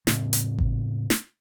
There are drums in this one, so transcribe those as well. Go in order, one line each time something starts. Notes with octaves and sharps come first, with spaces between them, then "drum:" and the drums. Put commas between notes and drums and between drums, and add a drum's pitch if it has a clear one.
A2 C#3 G#3 C4, drum: snare
drum: hi-hat
drum: kick G#1
drum: snare